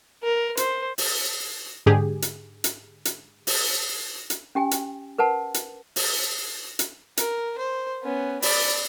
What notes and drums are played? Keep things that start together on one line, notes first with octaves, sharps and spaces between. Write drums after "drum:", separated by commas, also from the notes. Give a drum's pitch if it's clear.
A#4
C5, drum: hi-hat
drum: open hi-hat
G#2 D3 G4 G#4
drum: hi-hat
drum: hi-hat
drum: hi-hat
drum: open hi-hat
drum: hi-hat
C#4 G4 G5 G#5
drum: hi-hat
A#4 B4 F#5 A5
drum: hi-hat
drum: open hi-hat
drum: hi-hat
A#4, drum: hi-hat
C5
B3 C#4
D5 B5, drum: open hi-hat